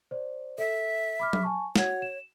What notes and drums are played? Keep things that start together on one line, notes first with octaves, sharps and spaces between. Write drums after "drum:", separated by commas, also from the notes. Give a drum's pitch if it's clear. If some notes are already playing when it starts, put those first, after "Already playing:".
C5 D5
A4 E5
B5 D6 F6
drum: tom F#3
G#5 A5 C#6
F#4 C#5 F#5 G#6, drum: snare
E7